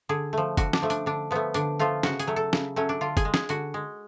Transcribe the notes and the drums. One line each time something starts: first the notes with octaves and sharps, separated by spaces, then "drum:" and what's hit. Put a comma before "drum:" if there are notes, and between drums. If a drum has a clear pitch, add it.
D3 G#4
F3 A3
D3 F#4, drum: kick, hi-hat
D4, drum: snare
F3 A3
D4, drum: hi-hat
D3 D4
F3 A3 B3
D3 D4, drum: hi-hat
F3 A3 F4
C#3 F#4, drum: snare
G#4, drum: hi-hat
F#3 A3
A4
C#3, drum: snare
F#3 A3 C#4
D4
D3 F4
G#4, drum: kick, hi-hat
G#3
G#4, drum: snare
D3 F#4, drum: hi-hat
G#3